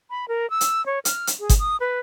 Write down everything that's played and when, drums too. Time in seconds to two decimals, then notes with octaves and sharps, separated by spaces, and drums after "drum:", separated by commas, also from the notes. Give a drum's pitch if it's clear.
0.10 B5
0.28 A#4
0.50 E6
0.61 drum: hi-hat
0.86 C#5
1.05 F6, drum: hi-hat
1.27 drum: hi-hat
1.40 G#4
1.49 drum: kick G1, hi-hat
1.59 D#6
1.80 B4